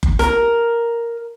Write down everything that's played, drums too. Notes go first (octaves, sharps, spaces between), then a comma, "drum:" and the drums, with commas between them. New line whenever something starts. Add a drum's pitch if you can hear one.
drum: kick F#1
A#4, drum: snare